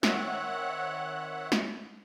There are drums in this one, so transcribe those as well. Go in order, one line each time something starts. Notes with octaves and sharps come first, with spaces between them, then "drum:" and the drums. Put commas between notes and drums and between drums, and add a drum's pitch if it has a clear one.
D#3 C4 C#5 E5 F#5 F#6, drum: snare
drum: snare